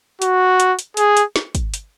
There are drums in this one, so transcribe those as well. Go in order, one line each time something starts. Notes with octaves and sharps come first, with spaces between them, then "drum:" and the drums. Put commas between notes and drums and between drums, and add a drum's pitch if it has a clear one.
F#4, drum: hi-hat
drum: hi-hat
drum: hi-hat
G#4, drum: hi-hat
drum: hi-hat
drum: snare
drum: kick, hi-hat
drum: hi-hat